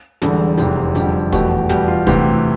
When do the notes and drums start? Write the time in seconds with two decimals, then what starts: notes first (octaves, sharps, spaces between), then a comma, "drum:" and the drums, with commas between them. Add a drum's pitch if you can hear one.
0.22 E1 E2 D3 G3 A4, drum: snare
0.57 F1 E2 C3 E3 G4, drum: hi-hat
0.95 F2 D3 G3 G4, drum: hi-hat
1.32 F1 E2 B2 A3 G4, drum: kick, hi-hat
1.69 E2 B2 G3 G4, drum: snare
1.88 F4
2.07 D2 C3 E3 G4, drum: kick, hi-hat